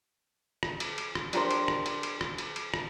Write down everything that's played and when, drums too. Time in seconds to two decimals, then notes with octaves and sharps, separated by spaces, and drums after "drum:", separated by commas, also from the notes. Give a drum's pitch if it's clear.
0.63 drum: rim click
0.80 drum: cymbal
0.98 drum: cymbal
1.15 drum: rim click
1.33 D4 G4 A#4 C5, drum: cymbal
1.51 drum: cymbal
1.68 drum: rim click
1.86 drum: cymbal
2.03 drum: cymbal
2.21 drum: rim click
2.38 drum: cymbal
2.56 drum: cymbal
2.74 drum: rim click